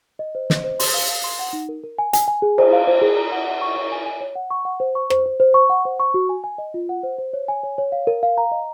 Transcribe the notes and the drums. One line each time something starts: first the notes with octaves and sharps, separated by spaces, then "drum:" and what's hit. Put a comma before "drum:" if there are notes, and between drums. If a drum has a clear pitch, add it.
D#5
C5
D#5, drum: snare
C5
C6, drum: open hi-hat
F5
F5
C6
F#5
D#4
A#4
A#4
G#5
G#5, drum: hi-hat
G#5
G#4
C5, drum: cymbal
F5
C5
G#4
A#5
F#5
F#5
C#6
C#5
G#5
G#5
C#5
F#5
C#6
F#5
C5
C#6
C5, drum: rim click
C5
C5
C#6
F#5
C5
C#6
F#4
G#5
G#5
D#5
F4
F#5
C5
C5
C#5
G#5
C#5
C#5
F5
A#4
F5
A#5
D#5